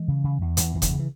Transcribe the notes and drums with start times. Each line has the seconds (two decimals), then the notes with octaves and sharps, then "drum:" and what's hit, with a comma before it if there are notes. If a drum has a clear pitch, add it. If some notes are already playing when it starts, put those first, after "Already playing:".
Already playing: E3 G#3
0.08 C#3
0.24 C#3
0.41 E2
0.57 E2 E3, drum: hi-hat
0.75 E2 E3
0.82 D3, drum: kick F1, hi-hat
0.91 C#3
0.99 E3